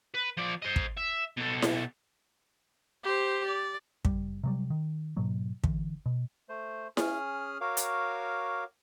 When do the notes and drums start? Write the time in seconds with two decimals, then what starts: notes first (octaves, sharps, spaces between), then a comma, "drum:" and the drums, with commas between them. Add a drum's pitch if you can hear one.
0.14 B4
0.37 F3 D5
0.62 C5 D#5
0.76 drum: kick
0.97 E5
1.38 B2 A4
1.62 drum: snare E4
3.04 G4 C5
3.47 D5
4.05 F#1 G3, drum: kick
4.44 C3 F#3 G3
4.70 D#3
5.17 G#2 B2 F#3 A#3
5.64 D3 E3, drum: kick
6.06 B2
6.49 A3 C5
6.97 C#4 G#4 D#6 F6, drum: snare E4
7.61 F#4 A#4 C#5 F5 D6
7.77 drum: hi-hat